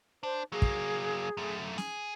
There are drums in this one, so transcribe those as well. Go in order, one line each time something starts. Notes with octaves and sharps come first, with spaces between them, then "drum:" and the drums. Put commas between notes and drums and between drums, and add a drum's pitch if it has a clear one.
D4 C5
F#3 A#3 G#4
drum: kick
F#2 A3
G#4, drum: snare